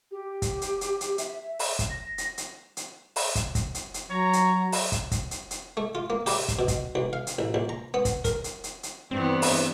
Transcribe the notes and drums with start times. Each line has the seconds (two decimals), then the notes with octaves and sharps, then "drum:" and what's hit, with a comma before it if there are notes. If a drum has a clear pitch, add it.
0.11 G4
0.42 drum: kick, hi-hat
0.62 drum: hi-hat
0.81 drum: hi-hat
1.01 drum: hi-hat
1.18 E5, drum: hi-hat
1.59 drum: open hi-hat
1.79 drum: kick, hi-hat
1.90 A#6
2.18 drum: hi-hat
2.38 drum: hi-hat
2.77 drum: hi-hat
3.16 drum: open hi-hat
3.35 drum: kick, hi-hat
3.55 drum: kick, hi-hat
3.75 drum: hi-hat
3.94 drum: hi-hat
4.10 F#3 C#5 A#5
4.33 drum: hi-hat
4.72 drum: open hi-hat
4.92 drum: kick, hi-hat
5.11 drum: kick, hi-hat
5.31 drum: hi-hat
5.51 drum: hi-hat
5.77 A3
5.95 F4
6.10 A#3
6.26 G4, drum: open hi-hat
6.48 drum: kick, hi-hat
6.59 B2
6.68 drum: kick, hi-hat
6.95 B1
7.13 F5
7.27 drum: hi-hat
7.39 A1
7.54 A#1
7.69 A#5
7.94 B3
8.05 drum: kick, hi-hat
8.25 A#4, drum: kick, hi-hat
8.44 drum: hi-hat
8.64 drum: hi-hat
8.83 drum: hi-hat
9.11 G2 E3 B3 C4
9.42 drum: open hi-hat